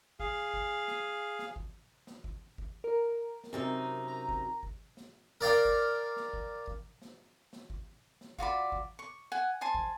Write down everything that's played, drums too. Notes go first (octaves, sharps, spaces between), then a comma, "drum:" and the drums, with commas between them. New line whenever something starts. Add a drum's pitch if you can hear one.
G#4 F5, drum: kick
drum: kick
drum: snare
drum: snare
drum: kick
drum: snare
drum: kick
drum: kick
A#4
drum: snare
F#2 C3 D#4
A#5
drum: kick
drum: kick
drum: snare
A#4 D5 F5 G5
drum: kick
drum: snare
drum: kick
drum: kick
drum: snare
drum: snare
drum: kick
drum: snare
F4 F#4 D5 B5, drum: kick
drum: kick
C#6
F#5 G#5
C5 G#5 A5 C6
drum: kick